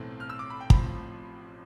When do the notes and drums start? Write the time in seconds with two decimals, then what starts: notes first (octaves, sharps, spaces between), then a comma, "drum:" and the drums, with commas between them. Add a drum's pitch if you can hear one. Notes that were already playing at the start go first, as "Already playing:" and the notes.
Already playing: B1 A2 E3 A3 C4
0.20 F6
0.30 E6
0.39 D6
0.50 B5
0.60 G5
0.70 A1 A2 F3 C4 B5, drum: kick